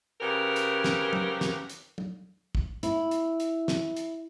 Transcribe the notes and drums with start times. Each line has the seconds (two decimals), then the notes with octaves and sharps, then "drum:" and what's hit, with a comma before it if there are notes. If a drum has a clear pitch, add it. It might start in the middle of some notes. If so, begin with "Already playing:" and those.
0.21 C#3 B3 C4 G4 A#4
0.56 drum: hi-hat
0.84 drum: snare
1.13 drum: tom
1.41 drum: snare
1.69 drum: hi-hat
1.98 drum: tom
2.55 drum: kick
2.83 E4, drum: hi-hat
3.11 drum: hi-hat
3.40 drum: hi-hat
3.68 drum: snare
3.96 drum: hi-hat